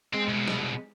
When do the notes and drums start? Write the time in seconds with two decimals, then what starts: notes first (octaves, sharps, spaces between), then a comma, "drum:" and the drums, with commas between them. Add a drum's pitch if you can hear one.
0.14 G#3 C4
0.29 C2 B2
0.48 drum: snare